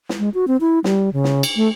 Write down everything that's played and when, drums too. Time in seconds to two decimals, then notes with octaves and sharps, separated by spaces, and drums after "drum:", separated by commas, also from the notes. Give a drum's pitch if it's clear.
0.09 drum: snare
0.19 G#3
0.34 F#4
0.48 C4
0.61 E4
0.84 G3, drum: snare
1.13 C#3
1.24 drum: snare
1.43 drum: cymbal
1.56 A3